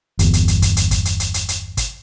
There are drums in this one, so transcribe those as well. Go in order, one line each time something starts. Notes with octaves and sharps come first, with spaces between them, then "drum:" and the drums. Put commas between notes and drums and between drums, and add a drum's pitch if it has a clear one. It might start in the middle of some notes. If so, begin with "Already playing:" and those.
G1 E2, drum: hi-hat
drum: hi-hat
drum: hi-hat
drum: kick, hi-hat
drum: hi-hat
drum: kick, hi-hat
drum: hi-hat
drum: hi-hat
drum: hi-hat
drum: hi-hat
drum: kick, hi-hat